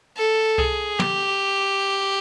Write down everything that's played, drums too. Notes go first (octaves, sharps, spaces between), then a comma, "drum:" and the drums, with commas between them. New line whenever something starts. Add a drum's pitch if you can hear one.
A4
G#4, drum: kick C2
G4, drum: tom